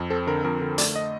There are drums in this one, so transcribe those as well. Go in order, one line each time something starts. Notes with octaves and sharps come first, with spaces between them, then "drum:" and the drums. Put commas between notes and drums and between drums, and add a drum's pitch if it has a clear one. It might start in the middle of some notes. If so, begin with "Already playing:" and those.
Already playing: F2
C4 A4
D3 A#4
F2 A#4
D3 A#4
A3 D5, drum: hi-hat
D#5